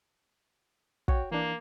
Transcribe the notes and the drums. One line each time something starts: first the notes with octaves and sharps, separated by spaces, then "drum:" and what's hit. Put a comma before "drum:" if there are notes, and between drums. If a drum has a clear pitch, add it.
F#4 C#5 G5, drum: kick
E3 A#3 D4